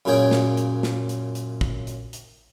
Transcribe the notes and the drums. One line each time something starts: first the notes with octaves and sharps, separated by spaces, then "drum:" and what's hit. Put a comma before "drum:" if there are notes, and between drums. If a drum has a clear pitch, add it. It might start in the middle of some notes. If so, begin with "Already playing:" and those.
F#2 A#2 C#3 G#4 C#5 G5
drum: snare
drum: hi-hat
drum: snare
drum: hi-hat
drum: hi-hat
drum: kick
drum: hi-hat
drum: hi-hat